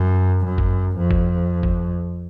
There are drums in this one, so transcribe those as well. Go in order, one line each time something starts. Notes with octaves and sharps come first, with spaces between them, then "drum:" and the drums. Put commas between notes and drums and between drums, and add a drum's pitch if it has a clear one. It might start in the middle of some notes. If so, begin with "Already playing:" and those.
Already playing: F#2
F#2
drum: kick
F2
drum: kick
drum: kick